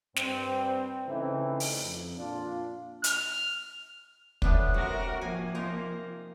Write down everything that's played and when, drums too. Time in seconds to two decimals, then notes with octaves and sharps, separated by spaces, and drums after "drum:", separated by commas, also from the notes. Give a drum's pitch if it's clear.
0.16 G2 C4, drum: snare
1.06 C#3 E3 A3 C4 D#4 E4
1.60 drum: open hi-hat
1.81 F2
2.17 A#2 D4 F4
3.04 F6, drum: hi-hat
4.42 A2 B3 D4, drum: kick
4.74 C3 F#4 A#4
5.21 F3 A#3 G#5
5.55 D#4 F4 A#4